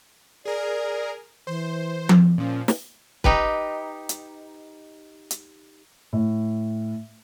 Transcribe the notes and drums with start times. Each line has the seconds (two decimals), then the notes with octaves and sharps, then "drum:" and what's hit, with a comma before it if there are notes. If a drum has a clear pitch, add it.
0.45 G#4 A#4 D5
1.47 E3 C5
2.09 drum: tom F3
2.38 A#2 F3 C#4
2.68 drum: snare
3.24 D#4 G4 B4, drum: kick
4.09 drum: hi-hat
5.31 drum: hi-hat
6.13 A2